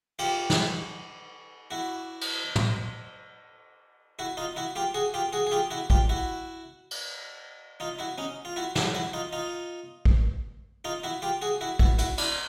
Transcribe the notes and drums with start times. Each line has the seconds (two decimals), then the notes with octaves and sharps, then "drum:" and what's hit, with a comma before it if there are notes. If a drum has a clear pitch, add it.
0.19 F4 G4, drum: cymbal
0.50 drum: snare
1.71 E4 F#4
2.21 drum: cymbal
2.56 drum: tom
4.19 E4 F#4
4.37 D#4 F4
4.56 E4 F#4
4.76 F4 G4
4.94 F#4 G#4
5.14 F4 G4
5.33 F#4 G#4
5.47 G#4
5.51 F4 G4
5.71 E4 F#4
5.90 F4 G4, drum: kick A#1
6.09 E4 F#4
6.91 drum: cymbal
7.80 D#4 F4
7.99 E4 F#4
8.18 C#4 D#4
8.45 F4
8.56 E4 F#4
8.76 E4 F#4, drum: snare
8.95 E4 F#4
9.13 D#4 F4
9.33 D#4 F4
10.05 drum: kick A#1
10.85 D#4 F4
11.04 E4 F#4
11.22 F4 G4
11.42 F#4 G#4
11.61 E4 F#4
11.79 E4 F#4, drum: kick A#1
11.99 E4 F#4, drum: hi-hat
12.18 D4 E4, drum: cymbal